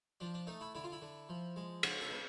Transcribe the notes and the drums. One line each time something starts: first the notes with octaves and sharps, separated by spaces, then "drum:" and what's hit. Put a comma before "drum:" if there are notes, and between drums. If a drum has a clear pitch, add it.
F3 D4
D4
A3 D#4
E4
D3 E4
F4
E4
D3
F3
G#3
C#3 F#4, drum: cymbal
A4
B3